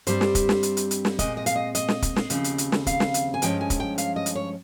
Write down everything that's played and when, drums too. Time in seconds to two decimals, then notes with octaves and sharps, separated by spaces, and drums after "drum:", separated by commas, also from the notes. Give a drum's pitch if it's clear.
0.07 G2 G3 C4 C5, drum: hi-hat
0.21 drum: snare
0.35 drum: kick, hi-hat
0.49 drum: snare
0.63 drum: hi-hat
0.77 drum: hi-hat
0.91 drum: hi-hat
1.05 drum: snare
1.19 A#2 G#3 C4 D#5, drum: kick, hi-hat
1.37 D#5
1.46 F5, drum: hi-hat
1.56 D#5
1.75 D#5, drum: hi-hat
1.88 drum: snare
2.02 drum: kick, hi-hat
2.16 drum: snare
2.30 D#2 C#3 F3 C4, drum: hi-hat
2.44 drum: hi-hat
2.58 drum: hi-hat
2.72 drum: snare
2.87 F5, drum: kick, hi-hat
3.00 drum: snare
3.14 drum: hi-hat
3.34 G#5
3.42 G2 F3 G#3 C#4 G5, drum: hi-hat
3.61 G#5
3.70 drum: kick, hi-hat
3.80 G5
3.98 F5, drum: hi-hat
4.16 D#5
4.26 drum: hi-hat
4.35 C#5